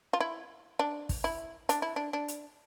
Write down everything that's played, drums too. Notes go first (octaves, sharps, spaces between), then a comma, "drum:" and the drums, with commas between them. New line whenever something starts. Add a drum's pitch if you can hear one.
F4
E4
D4
drum: kick, open hi-hat
E4
D4, drum: hi-hat
E4
D4
D4
drum: hi-hat